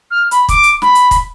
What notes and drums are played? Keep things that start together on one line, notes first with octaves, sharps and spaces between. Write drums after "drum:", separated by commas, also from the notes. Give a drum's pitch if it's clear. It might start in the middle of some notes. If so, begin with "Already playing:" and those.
F6
B5, drum: hi-hat
D6, drum: kick, hi-hat
drum: hi-hat
B5, drum: snare
drum: hi-hat
drum: kick, hi-hat